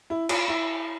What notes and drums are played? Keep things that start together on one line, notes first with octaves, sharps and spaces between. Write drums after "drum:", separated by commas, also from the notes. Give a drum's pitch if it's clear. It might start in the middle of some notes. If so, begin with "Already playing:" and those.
E4
F4, drum: cymbal
E4